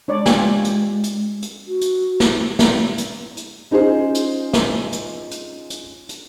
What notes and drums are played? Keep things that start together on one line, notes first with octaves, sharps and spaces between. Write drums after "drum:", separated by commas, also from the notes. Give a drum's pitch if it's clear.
G#3 D4 C#5 D5
F4 G4 G#5, drum: snare
drum: hi-hat
drum: hi-hat
drum: hi-hat
F#4
drum: hi-hat
drum: snare
drum: snare
drum: hi-hat
drum: hi-hat
C#4 D#4 F4 G#4 C5
drum: hi-hat
drum: snare
drum: hi-hat
drum: hi-hat
drum: hi-hat
drum: hi-hat